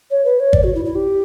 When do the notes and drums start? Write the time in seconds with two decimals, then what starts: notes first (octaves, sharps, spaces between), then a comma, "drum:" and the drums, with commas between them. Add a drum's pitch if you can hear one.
0.11 C#5
0.25 B4
0.40 C#5
0.53 D5, drum: kick
0.64 F#4
0.75 E4
0.85 E4
0.95 G4